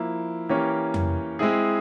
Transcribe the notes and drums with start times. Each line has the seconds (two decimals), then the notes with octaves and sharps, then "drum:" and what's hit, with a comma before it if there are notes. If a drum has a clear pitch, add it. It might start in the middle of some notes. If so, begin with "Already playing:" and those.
Already playing: F3 A#3 E4
0.49 E3 A#3 C#4 G4 C#5
0.94 drum: tom F2
1.39 G#3 C4 E4 G#4